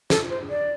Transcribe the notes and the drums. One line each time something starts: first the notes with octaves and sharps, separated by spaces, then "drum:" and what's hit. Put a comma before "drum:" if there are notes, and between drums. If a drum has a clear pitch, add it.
A4, drum: snare
C5
D5